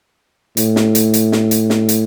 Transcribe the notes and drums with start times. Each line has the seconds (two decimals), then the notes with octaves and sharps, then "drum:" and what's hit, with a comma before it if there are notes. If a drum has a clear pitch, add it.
0.57 A2, drum: hi-hat
0.76 drum: snare
0.95 drum: hi-hat
1.14 drum: hi-hat
1.32 drum: snare
1.51 drum: hi-hat
1.70 drum: snare
1.89 drum: hi-hat